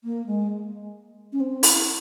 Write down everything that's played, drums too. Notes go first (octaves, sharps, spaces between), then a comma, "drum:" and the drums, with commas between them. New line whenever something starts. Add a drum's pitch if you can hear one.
A#3
G#3
C#4
C4
E4, drum: open hi-hat